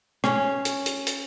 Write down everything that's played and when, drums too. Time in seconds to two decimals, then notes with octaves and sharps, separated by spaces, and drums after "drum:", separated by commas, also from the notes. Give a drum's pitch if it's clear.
0.24 C#4, drum: rim click
0.65 drum: hi-hat
0.86 drum: hi-hat
1.07 drum: hi-hat